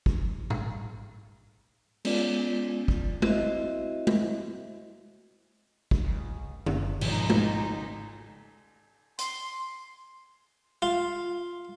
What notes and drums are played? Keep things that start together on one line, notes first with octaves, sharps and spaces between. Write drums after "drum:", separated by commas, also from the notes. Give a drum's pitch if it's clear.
drum: kick
drum: tom G#2
G#3 B3 C#4 F4 D5, drum: cymbal
drum: kick
C4 E4 F#4 C5 D#5 E5, drum: tom G#3
drum: tom G#3
drum: kick
C#2
F#1 F#2, drum: tom D3
G#1 C#2 G#2 B2 D#3 F3 D#4, drum: cymbal
drum: tom G#3
C6, drum: hi-hat
F4